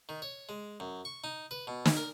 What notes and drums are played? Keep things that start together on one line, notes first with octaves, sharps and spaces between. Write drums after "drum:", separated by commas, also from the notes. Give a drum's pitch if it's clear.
D#3
C#5
G#3
F#2
C#6
D#4
B4
B2
drum: snare
A#4